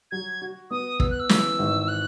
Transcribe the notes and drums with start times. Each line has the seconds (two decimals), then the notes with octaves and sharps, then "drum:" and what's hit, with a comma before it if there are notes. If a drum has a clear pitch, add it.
0.11 F#3 G#6
0.42 F#4
0.71 B3 D#6
1.00 B3 E6, drum: kick
1.10 F#6
1.20 E6
1.29 E3, drum: snare
1.59 G#1
1.88 F#6